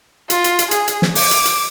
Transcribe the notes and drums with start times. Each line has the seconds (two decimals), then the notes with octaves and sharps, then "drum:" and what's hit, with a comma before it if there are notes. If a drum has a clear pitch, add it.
0.30 F4, drum: hi-hat
0.44 drum: hi-hat
0.59 drum: hi-hat
0.71 G#4, drum: hi-hat
0.88 drum: hi-hat
1.02 drum: snare
1.15 D6, drum: open hi-hat
1.31 drum: hi-hat
1.45 drum: hi-hat